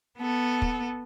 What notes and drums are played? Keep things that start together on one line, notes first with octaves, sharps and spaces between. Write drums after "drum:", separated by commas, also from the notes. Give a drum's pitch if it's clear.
B3 A4
drum: kick